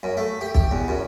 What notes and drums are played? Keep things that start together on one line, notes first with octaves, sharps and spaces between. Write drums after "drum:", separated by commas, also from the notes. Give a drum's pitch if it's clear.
F#2
A3
G4
G4, drum: kick
E2
F#2